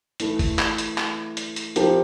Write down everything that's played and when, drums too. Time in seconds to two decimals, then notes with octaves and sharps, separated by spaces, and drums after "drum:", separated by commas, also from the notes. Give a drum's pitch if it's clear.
0.20 E3 A3 E4, drum: hi-hat
0.39 drum: kick G1, open hi-hat
0.59 drum: clap
0.78 drum: hi-hat
0.98 drum: clap
1.37 drum: hi-hat
1.56 drum: hi-hat
1.76 F3 C4 G4 A#4, drum: hi-hat